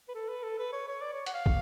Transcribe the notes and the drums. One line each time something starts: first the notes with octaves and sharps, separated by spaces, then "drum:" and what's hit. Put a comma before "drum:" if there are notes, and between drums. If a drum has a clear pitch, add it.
B4
A4
B4
A4
B4
C#5
C#5
D5
C#5
F#5, drum: hi-hat
F5
drum: kick